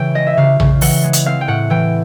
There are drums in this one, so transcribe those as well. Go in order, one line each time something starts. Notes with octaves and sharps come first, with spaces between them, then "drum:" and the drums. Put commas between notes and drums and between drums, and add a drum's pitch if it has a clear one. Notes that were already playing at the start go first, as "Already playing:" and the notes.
Already playing: C#3 E3 G5
G#3 D#5
E5
C#3 F5
C#3, drum: tom A#1
E3 F#5, drum: open hi-hat
G#3
drum: hi-hat
C4 F5
G5
A2 F#5
E3 G5